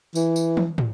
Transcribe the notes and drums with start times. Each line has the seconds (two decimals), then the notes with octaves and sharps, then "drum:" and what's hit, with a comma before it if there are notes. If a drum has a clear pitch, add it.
0.15 E3, drum: tambourine
0.36 drum: tambourine
0.57 drum: tom
0.78 drum: tom